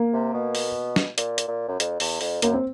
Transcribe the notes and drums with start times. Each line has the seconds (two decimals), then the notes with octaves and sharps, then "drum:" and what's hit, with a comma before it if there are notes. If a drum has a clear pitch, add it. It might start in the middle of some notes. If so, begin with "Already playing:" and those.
Already playing: A#3
0.13 C3
0.34 B2
0.55 drum: open hi-hat
0.96 drum: snare
1.18 A#2, drum: hi-hat
1.38 drum: hi-hat
1.48 A#2
1.68 F#2
1.80 F2, drum: hi-hat
2.00 E2, drum: open hi-hat
2.21 F2, drum: open hi-hat
2.42 F#2 A#3, drum: hi-hat
2.54 C4